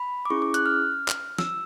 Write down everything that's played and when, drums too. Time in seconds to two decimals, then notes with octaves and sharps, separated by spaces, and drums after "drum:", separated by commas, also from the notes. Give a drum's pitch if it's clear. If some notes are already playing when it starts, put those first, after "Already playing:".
Already playing: B5
0.25 D6
0.30 C#4 E4 G#4 C#6
0.42 D6
0.54 F#6, drum: hi-hat
0.66 F6
1.08 drum: clap
1.38 E6, drum: snare